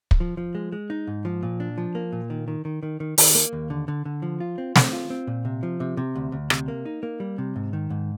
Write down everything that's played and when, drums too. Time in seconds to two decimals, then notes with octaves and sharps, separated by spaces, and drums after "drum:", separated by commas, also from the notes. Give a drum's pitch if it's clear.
0.11 drum: kick
0.20 F3
0.37 F3
0.55 G#3
0.72 G#3
0.90 D#4
1.07 G#2
1.25 F3
1.43 A#2
1.60 D4
1.78 F3
1.95 A#3
2.12 A#2
2.30 D#3
2.48 D#3
2.65 D#3
2.83 D#3
3.00 D#3
3.18 D#3, drum: open hi-hat
3.35 A#3
3.53 D#2
3.70 D3
3.88 D3
4.05 D3
4.22 F3
4.40 F4
4.58 C4
4.76 C4, drum: snare
4.93 F4
5.10 C4
5.27 A#2
5.45 C3
5.63 F3
5.80 C3
5.97 C3
6.15 D2
6.32 D2
6.50 C3, drum: rim click
6.68 A#3
6.86 D#4
7.03 A#3
7.20 G3
7.38 C3
7.56 G#2
7.73 D#3
7.90 G#2